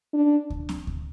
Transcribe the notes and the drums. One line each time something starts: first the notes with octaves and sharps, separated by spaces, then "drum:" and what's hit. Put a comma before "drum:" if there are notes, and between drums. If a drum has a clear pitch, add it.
D4
drum: kick D2
drum: snare C4
drum: kick D2